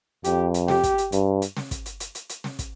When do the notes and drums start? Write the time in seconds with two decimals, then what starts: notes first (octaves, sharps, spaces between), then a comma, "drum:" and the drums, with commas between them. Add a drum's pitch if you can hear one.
0.25 F2 G4, drum: hi-hat
0.54 drum: hi-hat
0.68 G4, drum: snare
0.84 drum: kick, hi-hat
0.98 drum: hi-hat
1.12 G2, drum: hi-hat
1.42 drum: hi-hat
1.57 drum: snare
1.71 drum: kick, hi-hat
1.86 drum: hi-hat
2.00 drum: hi-hat
2.15 drum: hi-hat
2.30 drum: hi-hat
2.44 drum: snare
2.59 drum: kick, hi-hat